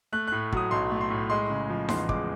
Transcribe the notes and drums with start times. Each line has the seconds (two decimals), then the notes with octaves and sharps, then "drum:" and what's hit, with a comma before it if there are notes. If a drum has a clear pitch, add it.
0.13 A3 F#6
0.28 A2 F#6
0.52 F#3 D#6, drum: kick
0.71 B1 C6
0.91 A3
1.01 C6
1.10 A2
1.30 G#3 C6
1.50 C#3
1.70 F3
1.89 E2 C6, drum: snare D#4
2.09 G#3 D6, drum: kick